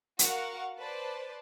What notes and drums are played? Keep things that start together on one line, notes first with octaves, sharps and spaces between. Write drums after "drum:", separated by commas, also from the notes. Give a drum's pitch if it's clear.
F#4 A#4 F5 F#5 C#6, drum: hi-hat
B4 C5 D5 A5